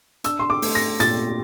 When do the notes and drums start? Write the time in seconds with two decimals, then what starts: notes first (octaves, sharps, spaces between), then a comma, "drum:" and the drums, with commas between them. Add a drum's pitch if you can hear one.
0.24 D4 E6, drum: hi-hat
0.39 C6
0.50 D6
0.62 A3, drum: open hi-hat
0.75 A#6
1.00 A#2 A6, drum: hi-hat